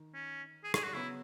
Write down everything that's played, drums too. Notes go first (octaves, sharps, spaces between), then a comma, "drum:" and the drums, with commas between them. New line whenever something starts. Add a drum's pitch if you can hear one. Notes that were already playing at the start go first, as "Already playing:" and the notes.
Already playing: D#3
C#4
G#4
G#4, drum: rim click
F#4
C#3 F#3 B3 E4